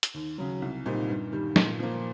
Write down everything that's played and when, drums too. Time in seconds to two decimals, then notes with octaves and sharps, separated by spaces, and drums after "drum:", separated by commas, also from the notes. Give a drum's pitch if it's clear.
0.03 drum: hi-hat
0.14 D#2
0.38 C#3 F#3
0.62 C2
0.85 A#2 G3 C4 D#4
1.09 G2
1.32 D#3 G3
1.56 A#2, drum: snare
1.79 F3 A#3